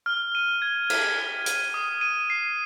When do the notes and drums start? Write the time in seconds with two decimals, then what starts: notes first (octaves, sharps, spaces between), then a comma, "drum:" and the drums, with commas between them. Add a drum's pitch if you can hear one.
0.06 F6
0.35 D#7
0.62 G#6
0.90 F6, drum: cymbal
1.18 F6
1.46 D#7, drum: hi-hat
1.74 D#6
2.01 D#7
2.30 C7